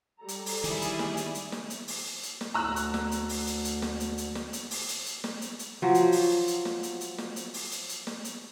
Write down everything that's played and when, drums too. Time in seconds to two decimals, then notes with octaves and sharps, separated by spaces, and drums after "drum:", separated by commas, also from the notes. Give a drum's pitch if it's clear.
0.19 G3 A4 A#5
0.28 drum: hi-hat
0.46 drum: open hi-hat
0.64 D#3 E3 G3 E4 G#4 D5, drum: hi-hat
0.82 drum: hi-hat
0.99 drum: snare
1.17 drum: hi-hat
1.35 drum: hi-hat
1.52 drum: snare
1.70 drum: hi-hat
1.88 drum: open hi-hat
2.23 drum: hi-hat
2.41 drum: snare
2.54 D2 A#5 E6 F#6
2.76 drum: hi-hat
2.94 drum: snare
3.11 drum: hi-hat
3.29 drum: open hi-hat
3.47 drum: hi-hat
3.65 drum: hi-hat
3.82 drum: snare
4.00 drum: hi-hat
4.18 drum: hi-hat
4.35 drum: snare
4.53 drum: hi-hat
4.71 drum: open hi-hat
4.88 drum: hi-hat
5.06 drum: hi-hat
5.24 drum: snare
5.41 drum: hi-hat
5.59 drum: hi-hat
5.82 F3 F#3
5.95 drum: hi-hat
6.12 drum: open hi-hat
6.48 drum: hi-hat
6.65 drum: snare
6.83 drum: hi-hat
7.01 drum: hi-hat
7.18 drum: snare
7.36 drum: hi-hat
7.54 drum: open hi-hat
7.71 drum: hi-hat
7.89 drum: hi-hat
8.07 drum: snare
8.25 drum: hi-hat